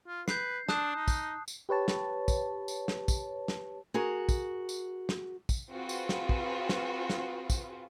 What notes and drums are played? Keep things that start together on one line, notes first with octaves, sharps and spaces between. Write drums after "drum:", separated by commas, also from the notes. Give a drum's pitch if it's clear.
F4
B4 G6 C7, drum: snare
D4 A5 D#6 F#6, drum: snare
D#4
drum: kick, tambourine
drum: tambourine
G4 B4 C#5 A5
drum: snare
drum: kick, tambourine
drum: tambourine
drum: snare
drum: kick, tambourine
drum: snare
F#4 G#4 A#4
drum: kick, tambourine
drum: tambourine
drum: snare
drum: kick, tambourine
C4 F4 F#4 G#4 B4
drum: tambourine
drum: snare
drum: kick
drum: snare
drum: snare
drum: kick, tambourine